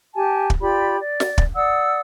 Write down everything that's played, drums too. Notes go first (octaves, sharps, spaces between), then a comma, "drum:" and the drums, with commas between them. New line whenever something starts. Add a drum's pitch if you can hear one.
G4 G#5 A5
drum: kick
F4 G4 D5 B5
D5
drum: snare
drum: kick
D5 F#5 D#6 E6